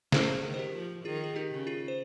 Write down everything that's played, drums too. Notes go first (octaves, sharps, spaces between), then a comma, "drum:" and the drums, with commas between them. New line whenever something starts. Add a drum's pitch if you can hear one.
C#3 G#4 C5, drum: snare
D#3
C5
G4 A#4
F3
D#3 F4 G#4
G#4
D#4 G4
C#3
F4 G#4
C5